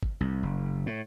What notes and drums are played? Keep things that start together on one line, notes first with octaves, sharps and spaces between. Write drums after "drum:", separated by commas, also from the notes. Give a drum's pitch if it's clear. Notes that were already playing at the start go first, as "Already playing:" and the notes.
drum: kick
C2
F#1
A2